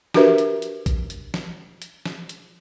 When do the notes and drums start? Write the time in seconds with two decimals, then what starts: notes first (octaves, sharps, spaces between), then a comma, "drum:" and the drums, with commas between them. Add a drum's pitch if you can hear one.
0.14 D4 F#4 G4 A#4 B4 E5, drum: snare
0.38 drum: hi-hat
0.62 drum: hi-hat
0.86 drum: kick A#1, hi-hat
1.10 drum: hi-hat
1.34 drum: snare
1.82 drum: hi-hat
2.06 drum: snare
2.29 drum: hi-hat